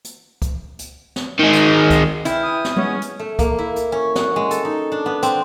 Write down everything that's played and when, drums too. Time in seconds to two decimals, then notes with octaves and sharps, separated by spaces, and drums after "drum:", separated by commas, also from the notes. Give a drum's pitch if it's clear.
0.05 drum: hi-hat
0.42 drum: kick, hi-hat
0.79 drum: hi-hat
1.16 drum: snare
1.39 D#3 G#3
1.53 drum: hi-hat
1.90 drum: kick, hi-hat
2.25 E3 E4 G5 F6, drum: hi-hat
2.43 D#6
2.65 drum: snare
2.76 G#3 B3 C#4
3.02 drum: hi-hat
3.19 A3
3.39 A#3, drum: kick, hi-hat
3.59 E4
3.76 drum: hi-hat
3.92 C#4
4.15 F#4, drum: snare
4.36 G#3
4.51 A4, drum: hi-hat
4.65 D#4
4.92 D4
5.06 B3
5.23 C4, drum: hi-hat